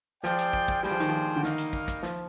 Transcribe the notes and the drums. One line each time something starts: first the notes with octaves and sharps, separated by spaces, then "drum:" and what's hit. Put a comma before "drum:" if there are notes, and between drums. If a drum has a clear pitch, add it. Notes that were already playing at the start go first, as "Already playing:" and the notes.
F3 F4 G#4 D5 G5, drum: snare
drum: hi-hat
drum: kick
drum: kick
G3 D4 G#4 C5 G5, drum: snare
F3
D#3, drum: hi-hat
F3
D3
D#3 G3 A#3 D#4 A#4 F5, drum: snare
drum: hi-hat
drum: kick
drum: kick, hi-hat
F3, drum: snare